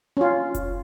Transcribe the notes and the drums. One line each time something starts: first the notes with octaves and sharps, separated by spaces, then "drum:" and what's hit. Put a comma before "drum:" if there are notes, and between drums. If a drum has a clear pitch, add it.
C#4 F4
drum: kick F1, hi-hat